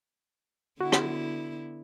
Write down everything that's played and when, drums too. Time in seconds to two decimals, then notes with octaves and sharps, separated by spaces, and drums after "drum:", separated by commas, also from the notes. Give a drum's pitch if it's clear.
0.81 D3 B3 E4 F#4
0.92 drum: rim click